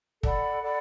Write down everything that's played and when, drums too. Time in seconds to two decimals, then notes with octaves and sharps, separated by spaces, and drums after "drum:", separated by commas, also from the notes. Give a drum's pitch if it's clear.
0.23 A4 D5 F#5 B5, drum: kick
0.62 A4 D5 F#5 B5